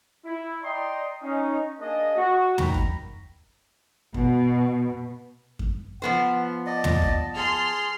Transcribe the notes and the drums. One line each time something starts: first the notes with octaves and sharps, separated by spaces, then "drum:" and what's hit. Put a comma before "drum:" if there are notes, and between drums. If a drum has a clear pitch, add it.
E4
D5 D#5 G5 A#5 C6
C#4 D#4
A#3 D4 G#4 D#5
F#4
D#3 G5 A#5 B5, drum: tom
drum: kick F#2
B2, drum: kick F#2
drum: kick F#2
F3 B3 C5 F#5
D5 D#5 A5
drum: tom
drum: kick F#2
G#4 C6 F6 C7